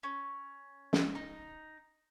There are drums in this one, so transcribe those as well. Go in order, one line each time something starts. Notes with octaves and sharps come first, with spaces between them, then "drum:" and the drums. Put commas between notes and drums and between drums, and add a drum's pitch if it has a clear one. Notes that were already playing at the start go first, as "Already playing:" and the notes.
C#4
drum: snare
D#4